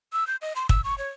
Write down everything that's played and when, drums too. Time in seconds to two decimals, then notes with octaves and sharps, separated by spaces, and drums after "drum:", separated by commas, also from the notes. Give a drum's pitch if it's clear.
0.13 E6
0.27 G6
0.41 D#5
0.56 C6
0.69 E6, drum: kick
0.84 C#6
0.98 C#5